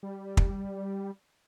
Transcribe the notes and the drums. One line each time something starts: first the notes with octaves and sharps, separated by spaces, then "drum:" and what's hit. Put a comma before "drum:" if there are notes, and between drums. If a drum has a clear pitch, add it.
G3
drum: kick